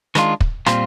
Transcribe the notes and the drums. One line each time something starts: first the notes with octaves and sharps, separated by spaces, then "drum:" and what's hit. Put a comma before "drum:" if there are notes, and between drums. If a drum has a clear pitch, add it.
D#3 G#3 D4 F4, drum: rim click
drum: kick
A#2 G3 C4 F4, drum: rim click